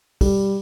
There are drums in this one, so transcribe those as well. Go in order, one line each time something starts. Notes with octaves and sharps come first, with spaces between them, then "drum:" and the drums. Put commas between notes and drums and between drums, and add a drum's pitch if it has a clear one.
G3, drum: kick, open hi-hat